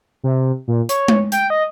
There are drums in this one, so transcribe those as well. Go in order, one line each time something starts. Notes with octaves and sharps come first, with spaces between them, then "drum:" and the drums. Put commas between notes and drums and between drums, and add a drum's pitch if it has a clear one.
C3
A#2
C#5, drum: hi-hat
drum: tom G#3
G5, drum: hi-hat
D#5